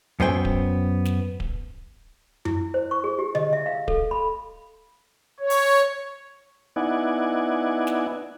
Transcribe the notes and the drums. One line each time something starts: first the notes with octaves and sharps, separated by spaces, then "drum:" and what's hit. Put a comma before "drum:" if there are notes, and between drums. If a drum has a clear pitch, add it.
F#2 B3 C5 G5 G#5
drum: kick D1
drum: snare
drum: kick D1
E4, drum: tom F#2
C5
C#6
G#4
G4
D#5, drum: tom D3
E5
F5
A4, drum: kick D1
B5
C#5
drum: open hi-hat
B3 D#4 E4 D5 F#5 G#5
drum: snare